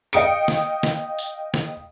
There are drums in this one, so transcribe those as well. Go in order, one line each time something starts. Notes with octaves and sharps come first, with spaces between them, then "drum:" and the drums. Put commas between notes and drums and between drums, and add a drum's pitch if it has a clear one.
D#5 F5 G5 D#6 C#7 D7, drum: tambourine
drum: snare
drum: snare
drum: tambourine
drum: snare